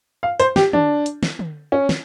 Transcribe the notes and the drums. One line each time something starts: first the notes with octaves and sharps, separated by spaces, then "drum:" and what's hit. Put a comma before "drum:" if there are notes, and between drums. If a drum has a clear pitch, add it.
F5
C5, drum: hi-hat
G4, drum: snare
D4, drum: tom
drum: hi-hat
drum: snare
drum: tom
C#4
drum: snare